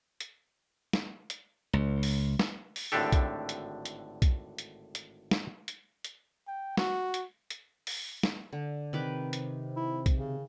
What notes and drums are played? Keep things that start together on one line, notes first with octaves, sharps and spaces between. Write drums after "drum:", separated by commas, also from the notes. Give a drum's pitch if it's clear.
drum: hi-hat
drum: snare
drum: hi-hat
C#2
drum: open hi-hat
drum: snare
drum: open hi-hat
G#1 A2 D3 D4 G4 A4
drum: kick B1, hi-hat
drum: hi-hat
drum: hi-hat
drum: kick B1, hi-hat
drum: hi-hat
drum: hi-hat
drum: snare
drum: hi-hat
drum: hi-hat
G5
F#4, drum: snare
drum: hi-hat
drum: hi-hat
drum: open hi-hat
drum: snare
D3
C3 D#3 B4 D6
drum: hi-hat
E4
drum: kick B1, hi-hat
C#3